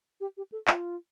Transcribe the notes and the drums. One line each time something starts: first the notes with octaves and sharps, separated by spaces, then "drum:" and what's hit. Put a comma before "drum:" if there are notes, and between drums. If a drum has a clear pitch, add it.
G4
G4
A4
F4, drum: clap